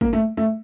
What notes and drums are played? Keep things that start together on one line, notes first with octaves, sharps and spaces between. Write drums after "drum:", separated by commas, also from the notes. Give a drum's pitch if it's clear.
A#3, drum: kick G#1
A3
A3